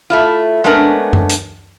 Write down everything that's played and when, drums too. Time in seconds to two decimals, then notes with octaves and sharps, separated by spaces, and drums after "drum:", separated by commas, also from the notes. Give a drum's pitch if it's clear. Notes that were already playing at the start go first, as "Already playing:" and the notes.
0.10 A3 E4 F4
0.64 G#3 A3 B3 C#4 D4 A#4
1.13 drum: tom F#2
1.30 drum: hi-hat